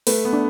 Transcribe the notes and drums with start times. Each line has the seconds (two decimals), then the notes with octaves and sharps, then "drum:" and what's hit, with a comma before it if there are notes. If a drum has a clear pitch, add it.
0.07 A3 B4, drum: open hi-hat
0.25 B3
0.33 D4